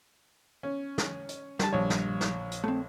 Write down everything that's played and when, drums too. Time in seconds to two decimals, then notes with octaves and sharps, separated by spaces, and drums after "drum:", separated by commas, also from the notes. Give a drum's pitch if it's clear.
0.63 C#4
0.98 drum: snare
1.29 drum: hi-hat
1.59 G2 G3 A5, drum: snare
1.73 A#1 C#5
1.90 drum: snare
2.21 drum: snare
2.51 drum: hi-hat
2.64 A3 C4